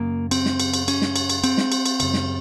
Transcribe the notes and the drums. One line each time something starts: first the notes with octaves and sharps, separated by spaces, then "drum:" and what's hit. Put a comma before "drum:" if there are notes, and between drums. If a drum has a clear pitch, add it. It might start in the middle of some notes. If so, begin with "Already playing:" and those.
Already playing: F#2 C#3 A#3
C4, drum: cymbal
drum: snare
drum: cymbal
drum: cymbal
C#4, drum: cymbal
drum: snare
drum: cymbal
drum: cymbal
C4, drum: cymbal
drum: snare
drum: cymbal
drum: cymbal
F#2 C#3, drum: cymbal
drum: snare